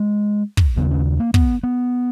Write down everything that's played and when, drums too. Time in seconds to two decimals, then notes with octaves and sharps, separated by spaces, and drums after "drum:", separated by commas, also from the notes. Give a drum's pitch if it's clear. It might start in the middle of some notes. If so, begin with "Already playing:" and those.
Already playing: G#3
0.57 drum: kick
0.76 D#2 C#3 B3
0.91 C#4
1.20 A#3
1.34 B3, drum: kick
1.63 B3